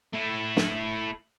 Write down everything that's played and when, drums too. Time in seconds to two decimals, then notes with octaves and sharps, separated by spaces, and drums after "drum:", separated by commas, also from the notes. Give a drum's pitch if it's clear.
0.13 A3 E4
0.57 drum: snare